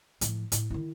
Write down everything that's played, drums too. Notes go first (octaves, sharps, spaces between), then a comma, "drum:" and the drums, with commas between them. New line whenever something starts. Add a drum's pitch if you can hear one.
A2 F3, drum: hi-hat
A2, drum: hi-hat
D#3 E4